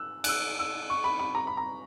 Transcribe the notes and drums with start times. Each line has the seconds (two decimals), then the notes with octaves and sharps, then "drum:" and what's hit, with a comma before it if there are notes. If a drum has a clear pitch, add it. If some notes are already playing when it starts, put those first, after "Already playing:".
Already playing: E6 F#6
0.24 F#6, drum: cymbal
0.28 E6
0.59 E6
0.90 C#6
1.04 B5
1.19 B5
1.35 A#5
1.47 B5
1.57 A#5